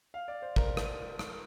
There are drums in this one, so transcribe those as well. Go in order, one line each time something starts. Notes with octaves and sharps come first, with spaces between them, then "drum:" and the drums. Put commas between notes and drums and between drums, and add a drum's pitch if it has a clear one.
F5
D5
C5
A#4, drum: kick
drum: rim click
drum: rim click